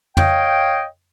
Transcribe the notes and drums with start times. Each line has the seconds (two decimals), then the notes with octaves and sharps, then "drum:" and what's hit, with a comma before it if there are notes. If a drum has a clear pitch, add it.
0.17 C#5 D#5 F5 G5, drum: tom